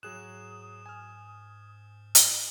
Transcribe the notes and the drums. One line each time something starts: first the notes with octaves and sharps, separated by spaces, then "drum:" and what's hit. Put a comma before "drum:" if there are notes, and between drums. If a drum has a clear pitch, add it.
G#2 F#3 G#4 D#6 F#6 E7
G#5 F6
drum: hi-hat